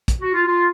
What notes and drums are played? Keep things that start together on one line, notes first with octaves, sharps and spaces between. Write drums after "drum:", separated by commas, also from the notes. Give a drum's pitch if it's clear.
drum: kick, hi-hat
F#4
F4
F4